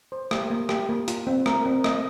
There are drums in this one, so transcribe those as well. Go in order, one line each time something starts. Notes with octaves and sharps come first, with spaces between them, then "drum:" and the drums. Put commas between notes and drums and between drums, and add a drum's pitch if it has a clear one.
C5
G4, drum: rim click
A#3
G4, drum: rim click
A#3
F4, drum: hi-hat
C4
A#4, drum: rim click
C4
D#5, drum: rim click